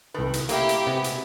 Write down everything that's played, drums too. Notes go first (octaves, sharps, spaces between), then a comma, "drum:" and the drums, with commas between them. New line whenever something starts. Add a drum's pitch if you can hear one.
C2 D#3 A4 B4
drum: hi-hat
A3 A#3 D#4 E4 G4 F5, drum: hi-hat
drum: hi-hat
C3 G#3 B3
drum: hi-hat